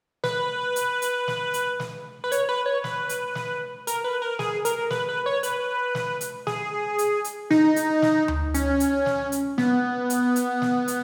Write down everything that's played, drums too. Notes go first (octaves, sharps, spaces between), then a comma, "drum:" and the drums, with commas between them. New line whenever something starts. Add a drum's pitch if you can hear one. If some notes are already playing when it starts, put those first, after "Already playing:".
B4, drum: snare
drum: hi-hat
drum: hi-hat
drum: snare
drum: hi-hat
drum: snare
B4
C#5, drum: hi-hat
B4
C#5
B4, drum: snare
drum: hi-hat
drum: snare
A#4, drum: hi-hat
B4
A#4
G#4, drum: snare
A#4, drum: hi-hat
B4, drum: snare
B4
C#5
B4, drum: hi-hat
drum: snare
drum: hi-hat
G#4, drum: snare
drum: hi-hat
drum: hi-hat
D#4, drum: snare
drum: hi-hat
drum: snare
drum: tom D2
C#4, drum: hi-hat
drum: hi-hat
drum: snare
drum: hi-hat
B3, drum: snare
drum: hi-hat
drum: hi-hat
drum: snare
drum: hi-hat